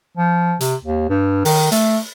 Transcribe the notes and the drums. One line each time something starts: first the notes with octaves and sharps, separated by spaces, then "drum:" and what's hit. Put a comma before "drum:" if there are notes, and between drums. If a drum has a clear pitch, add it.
F3
C3, drum: hi-hat
D#2
G2
D#3, drum: open hi-hat
A3, drum: hi-hat